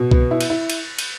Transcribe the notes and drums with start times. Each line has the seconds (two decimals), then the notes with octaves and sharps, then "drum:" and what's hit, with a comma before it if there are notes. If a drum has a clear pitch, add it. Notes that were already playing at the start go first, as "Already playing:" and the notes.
Already playing: B2
0.11 B3, drum: kick C2
0.31 E4
0.41 drum: cymbal
0.50 E4
0.70 drum: cymbal
0.99 drum: cymbal